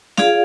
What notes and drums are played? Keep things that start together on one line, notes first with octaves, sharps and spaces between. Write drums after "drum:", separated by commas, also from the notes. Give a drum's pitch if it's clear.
F4 G#4 D5 F5, drum: snare